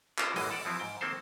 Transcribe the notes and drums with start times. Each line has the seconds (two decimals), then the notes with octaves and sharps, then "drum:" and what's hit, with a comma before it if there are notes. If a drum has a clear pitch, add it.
0.18 C#4 F4 A4 A#4 C5, drum: clap
0.36 A1 F#2 E3 G#3 A#3 D#5, drum: open hi-hat
0.51 A4 D5 F#5
0.65 E3 F3 C4 E4
0.80 G#2 G5
1.01 D#3 A#3 C4 A4 C5